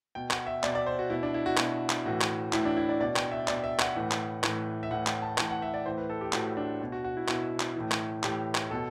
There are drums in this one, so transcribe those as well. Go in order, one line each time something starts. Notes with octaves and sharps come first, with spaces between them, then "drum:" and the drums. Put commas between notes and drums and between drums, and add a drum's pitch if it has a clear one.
B2 G5
F#5, drum: clap
E5
B2 D5, drum: clap
D5
C5
F#4
B2 E4
D4
E4
F#4
B2 F#4, drum: clap
drum: clap
A2 E3 F#4
drum: clap
A2 E3 E4, drum: clap
D4
E4
D5
B2 D5
G5, drum: clap
E5
B2 D5, drum: clap
E5
F#5, drum: clap
A2 E3
drum: clap
A2 E3, drum: clap
E5
A2 E3 F#5
G5, drum: clap
A5
A2 E3 G5, drum: clap
F#5
E5
D5
A2 E3 C5
B4
A4
G4
A2 E3 F#4, drum: clap
D4
B2
F#4
F#4
E4
B2 E4, drum: clap
drum: clap
A2 E3
drum: clap
A2 E3 G4, drum: clap
drum: clap
B2 A4